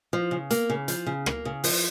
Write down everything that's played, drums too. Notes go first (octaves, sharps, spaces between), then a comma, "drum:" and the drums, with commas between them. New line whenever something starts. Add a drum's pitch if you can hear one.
F3
C#3
A#3, drum: hi-hat
C#3
F3, drum: hi-hat
C#3
A#3, drum: rim click
C#3
F3, drum: open hi-hat